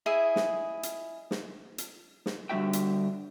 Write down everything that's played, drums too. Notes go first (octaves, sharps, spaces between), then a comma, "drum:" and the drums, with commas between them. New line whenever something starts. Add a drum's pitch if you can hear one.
E4 G#4 D#5 E5
drum: snare
drum: hi-hat
drum: snare
drum: hi-hat
drum: snare
D3 G3 A#3 F#4 E5 G5
drum: hi-hat